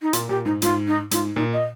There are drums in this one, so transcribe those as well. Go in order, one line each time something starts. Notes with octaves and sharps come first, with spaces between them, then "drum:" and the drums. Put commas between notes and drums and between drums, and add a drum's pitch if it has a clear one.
D#4
A#2 F4, drum: hi-hat
A#2 G4
G#2 D#4
G#2 F4, drum: hi-hat
D#4
G#2 F4, drum: hi-hat
A#2 D#4
D#5